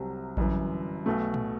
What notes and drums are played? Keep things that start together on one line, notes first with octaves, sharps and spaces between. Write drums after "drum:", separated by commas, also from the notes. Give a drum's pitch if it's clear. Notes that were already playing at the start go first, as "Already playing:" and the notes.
Already playing: C2 C3 F#3 C4
G1 F#2 E3, drum: kick A1
B1 B2 A3
drum: tom A2